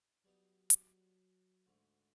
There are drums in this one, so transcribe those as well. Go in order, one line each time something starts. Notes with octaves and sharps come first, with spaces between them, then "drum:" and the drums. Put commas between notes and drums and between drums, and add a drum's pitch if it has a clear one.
F#3 G3 B3 D#4
drum: hi-hat
D2 G#2